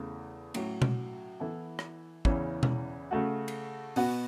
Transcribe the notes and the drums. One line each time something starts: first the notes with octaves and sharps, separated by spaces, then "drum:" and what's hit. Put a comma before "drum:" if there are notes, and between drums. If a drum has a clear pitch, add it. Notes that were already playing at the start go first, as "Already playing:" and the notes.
Already playing: E2 C#3 A3
A2 F#3 C#4 F#4, drum: cymbal
drum: tom B2
E3 B3 E4 A4
drum: rim click
E2 C#3 E3 C#4, drum: kick
drum: tom B2
C#3 A3 F#4
drum: cymbal
B2 B3 F#4, drum: open hi-hat